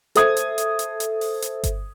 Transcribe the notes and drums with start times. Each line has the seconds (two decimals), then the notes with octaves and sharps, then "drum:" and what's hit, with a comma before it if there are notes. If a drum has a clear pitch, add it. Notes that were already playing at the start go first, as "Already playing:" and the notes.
0.15 A4 C5 E5 D#6 G#6, drum: hi-hat
0.37 drum: hi-hat
0.58 drum: hi-hat
0.79 drum: hi-hat
1.00 drum: hi-hat
1.21 drum: open hi-hat
1.42 drum: hi-hat
1.64 drum: kick G1, hi-hat